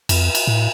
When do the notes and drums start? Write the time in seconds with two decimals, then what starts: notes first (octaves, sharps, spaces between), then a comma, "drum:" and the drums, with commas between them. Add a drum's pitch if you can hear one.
0.09 F2, drum: cymbal
0.35 drum: cymbal
0.47 A2